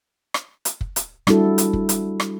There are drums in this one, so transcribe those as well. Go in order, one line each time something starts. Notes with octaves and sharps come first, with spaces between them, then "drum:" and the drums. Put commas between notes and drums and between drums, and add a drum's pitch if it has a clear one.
drum: rim click
drum: hi-hat
drum: kick
drum: hi-hat
G3 D4 E4 F#4 A4, drum: rim click
drum: hi-hat
drum: kick
drum: hi-hat
drum: rim click